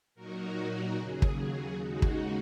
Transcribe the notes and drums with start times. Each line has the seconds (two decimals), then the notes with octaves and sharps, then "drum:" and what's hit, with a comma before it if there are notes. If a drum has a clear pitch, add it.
0.15 A#2 F#3 D#4 F#4 A#4
0.95 D#2 C#3 F#3 G#4
1.22 drum: kick
1.35 G#4
1.75 D#2 C#3 G#3 D#4 F#4
2.02 drum: kick